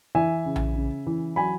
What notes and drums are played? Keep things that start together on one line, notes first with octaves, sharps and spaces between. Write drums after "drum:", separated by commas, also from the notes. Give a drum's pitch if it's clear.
E3 E5 G#5
C#3
drum: tom A#1
C#3
E3
F#3 G#5 B5